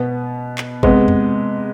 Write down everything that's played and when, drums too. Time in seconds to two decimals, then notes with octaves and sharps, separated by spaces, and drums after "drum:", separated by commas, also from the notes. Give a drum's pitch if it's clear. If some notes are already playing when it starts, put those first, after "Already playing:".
Already playing: B2 B3
0.58 drum: clap
0.83 C3 G#3 B3, drum: kick G#1
1.08 drum: tom E2